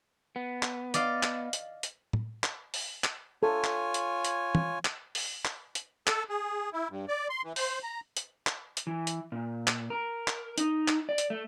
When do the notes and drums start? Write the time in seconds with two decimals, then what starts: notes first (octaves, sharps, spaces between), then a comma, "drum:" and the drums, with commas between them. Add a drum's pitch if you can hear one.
0.36 B3
0.63 drum: clap
0.94 D5 D#5 F5, drum: hi-hat
1.23 drum: clap
1.53 drum: hi-hat
1.83 drum: hi-hat
2.13 drum: tom
2.44 drum: clap
2.74 drum: open hi-hat
3.04 drum: clap
3.43 F4 A4 C#5 G#5
3.64 drum: clap
3.94 drum: hi-hat
4.25 drum: hi-hat
4.55 drum: tom
4.85 drum: clap
5.15 drum: open hi-hat
5.45 drum: clap
5.75 drum: hi-hat
6.07 A4, drum: clap
6.29 G#4
6.73 E4
6.91 G2
7.08 D5
7.30 C6
7.44 E3
7.56 C5, drum: open hi-hat
7.83 A#5
8.17 drum: hi-hat
8.47 drum: clap
8.77 drum: hi-hat
8.87 E3
9.07 drum: hi-hat
9.32 A#2
9.67 drum: clap
9.90 A#4
10.28 drum: clap
10.58 D#4, drum: hi-hat
10.88 drum: clap
11.09 D5
11.18 drum: hi-hat
11.30 A3